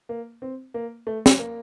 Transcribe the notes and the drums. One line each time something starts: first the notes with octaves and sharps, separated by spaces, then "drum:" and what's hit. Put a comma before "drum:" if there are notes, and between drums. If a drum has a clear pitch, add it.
A#3
C4
A#3
A3
drum: snare
A#3